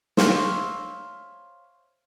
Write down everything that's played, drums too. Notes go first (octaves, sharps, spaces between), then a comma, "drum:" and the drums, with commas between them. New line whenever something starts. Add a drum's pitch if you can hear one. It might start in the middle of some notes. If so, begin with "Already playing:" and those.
C5 C#5 E5 F5, drum: snare